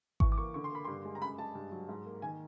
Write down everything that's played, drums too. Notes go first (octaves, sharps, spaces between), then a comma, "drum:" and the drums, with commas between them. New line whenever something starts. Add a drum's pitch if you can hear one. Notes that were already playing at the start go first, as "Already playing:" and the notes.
E3 C#6, drum: kick G#1
D6
A#3 C#6
D3 C#6
C6
A#3 B5
G2 C6
G#3
A#5
F#2 B5
G#3 A5
G2
F#3
G#2
A#3
D#3 G#5